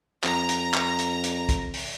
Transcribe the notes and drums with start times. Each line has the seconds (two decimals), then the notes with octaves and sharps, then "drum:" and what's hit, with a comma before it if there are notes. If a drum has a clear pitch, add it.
0.24 F2 A#5, drum: clap
0.49 drum: hi-hat
0.74 drum: clap
0.99 drum: hi-hat
1.24 drum: hi-hat
1.49 drum: kick, hi-hat
1.74 drum: open hi-hat